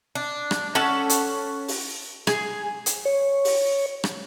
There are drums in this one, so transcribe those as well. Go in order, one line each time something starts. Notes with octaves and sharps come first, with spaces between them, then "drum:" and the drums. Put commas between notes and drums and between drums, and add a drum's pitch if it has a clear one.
D4
drum: rim click
C#4 A4 F#5 A5
drum: hi-hat
drum: open hi-hat
G#4, drum: rim click
drum: hi-hat
C#5
drum: open hi-hat
drum: rim click